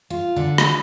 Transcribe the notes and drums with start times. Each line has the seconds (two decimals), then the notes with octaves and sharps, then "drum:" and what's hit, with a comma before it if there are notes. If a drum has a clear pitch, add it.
0.10 F4
0.36 D3
0.58 drum: rim click